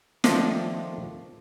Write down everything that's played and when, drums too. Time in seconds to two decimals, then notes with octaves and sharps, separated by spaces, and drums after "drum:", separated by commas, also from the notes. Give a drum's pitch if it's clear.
0.24 D#3 F3 A3 C5 D5 D#5, drum: snare